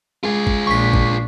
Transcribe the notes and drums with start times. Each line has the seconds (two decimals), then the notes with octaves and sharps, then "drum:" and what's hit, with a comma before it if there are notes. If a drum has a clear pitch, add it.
0.23 G#3 F4 G#4
0.47 drum: kick G#1
0.67 A#1 D4 C#6 B6
0.94 drum: kick G#1